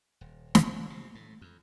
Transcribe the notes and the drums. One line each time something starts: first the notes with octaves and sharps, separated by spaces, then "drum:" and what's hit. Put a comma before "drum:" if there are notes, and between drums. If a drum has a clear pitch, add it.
D#1
drum: snare
C3
A2
F2